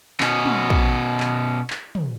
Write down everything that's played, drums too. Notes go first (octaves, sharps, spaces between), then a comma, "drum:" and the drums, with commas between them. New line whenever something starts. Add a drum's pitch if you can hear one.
B2 C#4, drum: clap
drum: tom
drum: kick
drum: clap
drum: clap
drum: tom